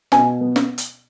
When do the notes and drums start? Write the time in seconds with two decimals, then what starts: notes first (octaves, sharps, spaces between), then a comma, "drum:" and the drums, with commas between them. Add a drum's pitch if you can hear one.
0.12 B2 G#5, drum: snare
0.41 B3
0.56 drum: snare
0.78 drum: hi-hat